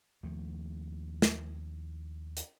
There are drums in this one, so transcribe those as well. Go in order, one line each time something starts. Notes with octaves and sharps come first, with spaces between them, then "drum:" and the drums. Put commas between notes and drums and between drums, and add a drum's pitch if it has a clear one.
D#2 F3 A3
drum: snare
drum: hi-hat